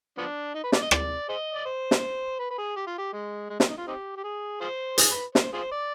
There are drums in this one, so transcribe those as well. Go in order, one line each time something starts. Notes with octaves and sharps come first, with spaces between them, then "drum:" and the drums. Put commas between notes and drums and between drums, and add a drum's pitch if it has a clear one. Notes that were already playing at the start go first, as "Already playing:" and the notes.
F3 B3 D4
D#4
B4
D5, drum: snare
D#5
D5, drum: rim click
G#4 C5 D#5
D5
C5
drum: snare
B4
B4
G#4
G4
F4
G4
G#3
G#3
C4, drum: snare
D#4
F4
C4 D#4 G4
G4
G#4
F4 G#4 C5
G#4, drum: hi-hat
B4
C5, drum: snare
F4 G#4 C5
D5